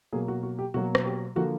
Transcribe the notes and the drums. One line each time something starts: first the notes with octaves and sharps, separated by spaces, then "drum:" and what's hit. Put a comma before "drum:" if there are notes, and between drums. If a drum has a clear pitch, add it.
B2 F#3 A#3 G#4
F#4
F#4
G4
B2 F#3 A#3 F#4
drum: rim click
G4
D3 F3 A#3 F#4